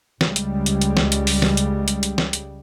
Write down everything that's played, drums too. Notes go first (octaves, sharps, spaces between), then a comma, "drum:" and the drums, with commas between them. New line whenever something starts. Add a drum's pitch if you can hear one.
C#2 C#3 G3 G#3, drum: snare
drum: hi-hat
drum: hi-hat
drum: hi-hat
drum: snare
drum: hi-hat
drum: open hi-hat
drum: snare
drum: hi-hat
drum: hi-hat
drum: hi-hat
drum: snare
drum: hi-hat